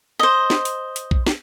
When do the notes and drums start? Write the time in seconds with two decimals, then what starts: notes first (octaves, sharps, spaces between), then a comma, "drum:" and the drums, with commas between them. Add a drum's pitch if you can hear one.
0.19 C5 D#5
0.50 drum: snare
0.65 drum: hi-hat
0.96 drum: hi-hat
1.11 drum: kick A#1
1.27 drum: snare